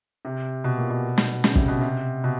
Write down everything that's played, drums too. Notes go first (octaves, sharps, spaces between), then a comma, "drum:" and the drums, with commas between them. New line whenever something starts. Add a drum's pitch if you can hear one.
C3
B2
A#2
B2
drum: snare
C#3, drum: snare
C3, drum: kick
B2
C3
B2